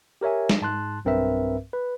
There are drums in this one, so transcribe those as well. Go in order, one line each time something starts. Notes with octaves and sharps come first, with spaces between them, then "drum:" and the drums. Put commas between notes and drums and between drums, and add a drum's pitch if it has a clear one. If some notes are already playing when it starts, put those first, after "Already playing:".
G4 A#4 C#5 E5 G#5
drum: snare
G#2 A5 C6 F#6
B1 G2 C4 A#4 B4 E5
B4